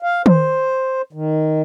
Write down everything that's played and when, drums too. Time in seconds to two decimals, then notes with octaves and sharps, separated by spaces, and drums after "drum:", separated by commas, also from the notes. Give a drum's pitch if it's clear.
0.02 F5
0.26 C5, drum: tom D#3
1.13 D#3